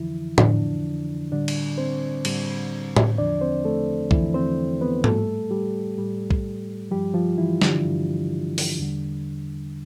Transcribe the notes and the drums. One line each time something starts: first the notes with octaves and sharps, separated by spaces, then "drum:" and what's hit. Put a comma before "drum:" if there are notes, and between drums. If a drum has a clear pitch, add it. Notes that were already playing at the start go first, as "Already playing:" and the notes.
Already playing: F2 D3 E3 F3 E4
F2 D3 F3 D4, drum: tom A2
A2 D3 G3 D4
drum: cymbal
C4 C5
A2 G3, drum: cymbal
drum: tom A2
E2 D3 F3 D4 D5
C4 C5
A3 A4
E2 D3 E3 F3 E4, drum: kick B1
C4 C5
B3 B4
A2 G3 A3 A4, drum: tom G#2
G3 G4
A2 G3
drum: kick B1
G2 F3 G3 G4
F3 F4
E3 E4
D3 D4, drum: snare
G2 F3
drum: open hi-hat
E2 D3 G3